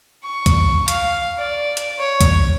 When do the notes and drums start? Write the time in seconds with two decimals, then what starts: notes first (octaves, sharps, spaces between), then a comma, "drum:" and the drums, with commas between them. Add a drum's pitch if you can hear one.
0.24 C#6
0.46 drum: kick C2, hi-hat
0.88 F5, drum: hi-hat
1.38 D5
1.77 drum: hi-hat
1.99 C#5
2.21 drum: kick C2, hi-hat